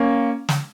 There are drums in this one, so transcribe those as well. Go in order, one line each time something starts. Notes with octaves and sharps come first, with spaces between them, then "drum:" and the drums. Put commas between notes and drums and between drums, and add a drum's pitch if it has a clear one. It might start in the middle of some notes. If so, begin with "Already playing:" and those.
Already playing: A#3 C#4
drum: snare